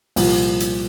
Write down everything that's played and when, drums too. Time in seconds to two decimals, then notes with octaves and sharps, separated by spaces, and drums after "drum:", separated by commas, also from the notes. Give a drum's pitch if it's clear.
0.16 C2 A#2 F3, drum: open hi-hat
0.60 drum: hi-hat